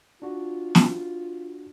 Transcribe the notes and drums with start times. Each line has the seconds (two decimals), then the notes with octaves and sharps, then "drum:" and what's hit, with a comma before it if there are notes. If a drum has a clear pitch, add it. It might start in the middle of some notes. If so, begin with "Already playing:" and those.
0.22 D4 F4 F#4
0.75 drum: snare